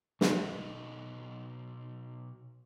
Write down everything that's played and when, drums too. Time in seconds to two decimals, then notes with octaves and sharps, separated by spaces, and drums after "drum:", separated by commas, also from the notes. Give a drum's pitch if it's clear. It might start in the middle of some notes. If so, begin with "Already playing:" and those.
0.21 B2 D#4 D#5 G5 A5, drum: snare